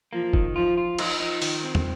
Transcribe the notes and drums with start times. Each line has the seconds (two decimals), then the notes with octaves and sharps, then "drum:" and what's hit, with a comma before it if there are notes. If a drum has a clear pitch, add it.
0.13 F3 A#3
0.33 D#3, drum: kick
0.56 F3 F4
0.77 F4
0.98 F3 D#4, drum: cymbal
1.20 D#4
1.42 D#3, drum: open hi-hat
1.64 C4
1.75 drum: tom